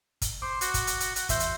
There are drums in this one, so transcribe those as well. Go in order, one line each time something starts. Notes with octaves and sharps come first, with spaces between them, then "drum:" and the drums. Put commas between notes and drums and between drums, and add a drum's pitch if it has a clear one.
drum: kick, hi-hat
C5 D6
F#4, drum: hi-hat
drum: kick, hi-hat
drum: hi-hat
drum: hi-hat
F#5, drum: hi-hat
E2 C5 E5 G6, drum: kick, hi-hat
drum: hi-hat